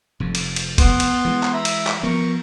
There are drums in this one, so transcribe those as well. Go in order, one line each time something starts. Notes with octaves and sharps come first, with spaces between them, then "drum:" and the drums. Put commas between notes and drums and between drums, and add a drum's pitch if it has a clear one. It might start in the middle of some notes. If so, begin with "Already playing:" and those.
F1 F2
drum: cymbal
drum: cymbal
B3 C6, drum: kick, cymbal
drum: cymbal
E3 G#3
drum: clap
E5 A#5 B5
drum: cymbal
drum: clap
F3 B3 A#4 C#6